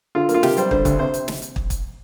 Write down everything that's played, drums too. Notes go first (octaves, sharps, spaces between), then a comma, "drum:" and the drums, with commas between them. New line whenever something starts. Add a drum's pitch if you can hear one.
D3 F4
A#3, drum: hi-hat
F4
C3 G4, drum: snare
G3 C5, drum: hi-hat
D3 C5, drum: kick
D2, drum: kick, hi-hat
C3 C5
drum: hi-hat
drum: snare
drum: hi-hat
drum: kick
drum: kick, hi-hat